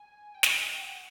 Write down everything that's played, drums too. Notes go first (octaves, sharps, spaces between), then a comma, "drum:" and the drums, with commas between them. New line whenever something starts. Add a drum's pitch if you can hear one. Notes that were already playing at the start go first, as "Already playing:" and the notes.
Already playing: G#5
G5
G#5, drum: snare
G5
F#5